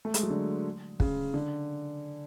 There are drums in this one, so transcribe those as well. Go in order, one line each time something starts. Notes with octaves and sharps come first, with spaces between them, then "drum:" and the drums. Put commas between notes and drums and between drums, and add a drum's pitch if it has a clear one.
A3
G#3, drum: hi-hat
F#3
D3
C#3, drum: kick
D3